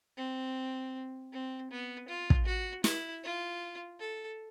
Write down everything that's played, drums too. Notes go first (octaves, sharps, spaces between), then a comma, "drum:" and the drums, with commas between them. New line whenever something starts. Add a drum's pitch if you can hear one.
C4
C4
B3
F4
drum: kick
F#4
E4, drum: snare
F4
A4